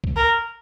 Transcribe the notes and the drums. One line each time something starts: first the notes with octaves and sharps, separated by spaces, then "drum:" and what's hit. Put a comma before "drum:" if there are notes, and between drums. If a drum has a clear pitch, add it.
drum: kick C2
A#4